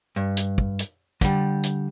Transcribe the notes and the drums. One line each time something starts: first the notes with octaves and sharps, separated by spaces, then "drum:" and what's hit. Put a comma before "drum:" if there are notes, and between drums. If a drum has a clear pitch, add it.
G2
drum: hi-hat
drum: kick
drum: hi-hat
D3 G3, drum: kick, hi-hat
drum: hi-hat